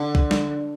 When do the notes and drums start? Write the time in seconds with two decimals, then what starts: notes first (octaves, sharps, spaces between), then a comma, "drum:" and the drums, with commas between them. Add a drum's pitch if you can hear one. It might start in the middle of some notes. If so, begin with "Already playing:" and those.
Already playing: D3
0.15 drum: kick B1
0.31 drum: snare